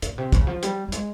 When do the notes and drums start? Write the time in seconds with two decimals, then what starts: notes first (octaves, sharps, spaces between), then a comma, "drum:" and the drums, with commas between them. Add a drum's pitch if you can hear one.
0.02 A#2, drum: hi-hat
0.18 C3
0.32 C#3, drum: kick, hi-hat
0.47 F3
0.63 G3, drum: hi-hat
0.88 G3
0.92 G#3, drum: hi-hat